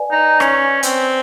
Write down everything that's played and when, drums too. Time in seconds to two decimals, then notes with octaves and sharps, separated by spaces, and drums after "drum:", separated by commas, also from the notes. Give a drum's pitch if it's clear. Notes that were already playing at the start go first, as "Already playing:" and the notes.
Already playing: B4 D5 F5 G#5
0.11 D#4
0.40 C#4, drum: rim click
0.83 C4, drum: hi-hat